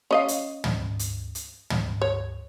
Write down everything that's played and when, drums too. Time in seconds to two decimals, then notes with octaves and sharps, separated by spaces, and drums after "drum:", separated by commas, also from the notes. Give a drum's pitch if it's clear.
0.11 C#4 D#5 F5
0.28 drum: hi-hat
0.64 drum: tom
0.99 drum: hi-hat
1.35 drum: hi-hat
1.70 drum: tom
2.02 C#5